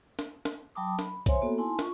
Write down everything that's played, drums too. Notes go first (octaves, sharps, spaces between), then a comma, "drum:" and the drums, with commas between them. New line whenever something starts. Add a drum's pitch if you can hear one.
drum: snare
drum: snare
F#3 G5 A5 B5 D6 D#6
B5, drum: snare
C5 C#5 E5 G#5 C6, drum: kick, hi-hat
A#3 B3 F#4 A4
D#4 E4 G#5 A5 C6
F4 C#6, drum: snare